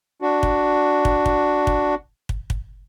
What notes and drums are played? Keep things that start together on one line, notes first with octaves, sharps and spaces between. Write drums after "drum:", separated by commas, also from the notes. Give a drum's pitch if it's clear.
D4 F#4
drum: kick
drum: kick
drum: kick
drum: kick
drum: kick
drum: kick